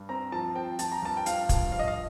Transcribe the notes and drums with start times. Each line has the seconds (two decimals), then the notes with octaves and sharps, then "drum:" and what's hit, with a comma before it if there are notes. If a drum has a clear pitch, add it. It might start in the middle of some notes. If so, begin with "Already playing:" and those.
Already playing: G2
0.09 C4 A#5
0.32 F3 A5
0.56 C4 G5
0.79 F3 A5, drum: hi-hat
0.92 A#5
1.02 G2 A5
1.17 G5
1.26 F3 F5, drum: hi-hat
1.49 G2, drum: kick, hi-hat
1.72 F3 F5
1.79 D#5
1.88 F5